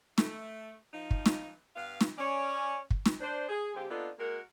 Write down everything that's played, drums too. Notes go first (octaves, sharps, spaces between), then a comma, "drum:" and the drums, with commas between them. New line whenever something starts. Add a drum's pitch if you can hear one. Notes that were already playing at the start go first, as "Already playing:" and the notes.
A3, drum: snare
F3 D#4
drum: kick
drum: snare
G2 B3 F5
drum: snare
C#4 C#5 D5 G#5
drum: kick
drum: snare
D4 C5
G#4
D3 G#3 C4 F4 G4
A#3 B3 D4 D#4 F4 A4
G#3 A#3 F#4 A#4